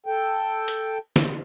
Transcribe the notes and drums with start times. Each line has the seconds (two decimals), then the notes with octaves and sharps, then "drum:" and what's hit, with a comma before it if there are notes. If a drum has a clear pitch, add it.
0.06 A4 G5
0.68 drum: hi-hat
1.16 drum: snare